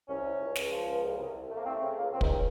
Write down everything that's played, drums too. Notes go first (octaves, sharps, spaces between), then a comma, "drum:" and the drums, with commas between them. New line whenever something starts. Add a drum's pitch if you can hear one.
C2 C#4
C2
C#2
C#2, drum: snare
F3
C#2
C2
C2
C2
A3
A#3
A3 C4
C#3 C4
C#2 A#3
C#2 C4
D#4, drum: kick
C#4